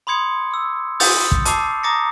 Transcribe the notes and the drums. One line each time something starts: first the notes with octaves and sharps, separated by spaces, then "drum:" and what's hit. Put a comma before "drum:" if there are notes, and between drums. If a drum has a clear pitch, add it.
B5 C6 D#6 G#6 C#7
D6 E6
D#6 G6 A6 C#7 F7, drum: open hi-hat
drum: kick
A5 D6 E6 C7 F7, drum: hi-hat
A#5 D6 D#6 A6 A#6 C#7